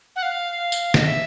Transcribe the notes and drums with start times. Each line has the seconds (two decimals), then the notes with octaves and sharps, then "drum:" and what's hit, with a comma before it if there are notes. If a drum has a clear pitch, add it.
0.16 F#5
0.23 F5
0.72 drum: tambourine
0.94 D#5, drum: snare
1.06 E5